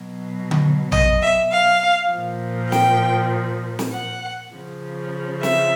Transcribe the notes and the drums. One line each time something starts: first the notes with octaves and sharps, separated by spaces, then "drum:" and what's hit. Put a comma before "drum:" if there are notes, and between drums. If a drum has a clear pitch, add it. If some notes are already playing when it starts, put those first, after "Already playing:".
Already playing: B2 F#3
drum: tom D3
D#5, drum: tom A#1
E5
F5
A#2 F3
G5, drum: snare
drum: snare
F#5
C#3 F3
E5, drum: snare